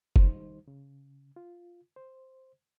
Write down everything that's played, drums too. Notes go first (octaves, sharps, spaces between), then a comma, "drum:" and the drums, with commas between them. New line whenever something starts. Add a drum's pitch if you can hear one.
D#3 G3 D#4 C5, drum: kick
C#3
F4
C5